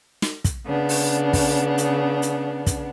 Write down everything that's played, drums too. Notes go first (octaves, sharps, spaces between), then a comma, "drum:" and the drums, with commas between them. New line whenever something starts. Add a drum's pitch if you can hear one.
drum: snare
drum: kick, hi-hat
C#3 B3 D4
drum: open hi-hat
drum: kick, open hi-hat
drum: hi-hat
drum: hi-hat
drum: kick, hi-hat